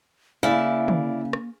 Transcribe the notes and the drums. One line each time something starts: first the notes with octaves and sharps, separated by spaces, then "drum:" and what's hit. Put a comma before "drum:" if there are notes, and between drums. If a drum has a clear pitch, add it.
C#3 A#3 E4 D5 F5
drum: tom
drum: rim click